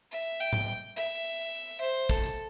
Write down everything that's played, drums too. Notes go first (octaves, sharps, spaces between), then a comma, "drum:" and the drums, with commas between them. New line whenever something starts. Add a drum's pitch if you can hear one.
E5
G5
drum: tom G#2
E5
C5
A4, drum: kick
drum: hi-hat